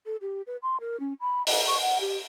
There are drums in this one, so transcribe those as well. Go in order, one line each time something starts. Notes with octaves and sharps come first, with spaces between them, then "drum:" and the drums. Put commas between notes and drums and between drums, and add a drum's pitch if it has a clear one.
A4
G4
B4
C6
A#4
C#4
B5
D#5, drum: open hi-hat
C#6
F#5
G4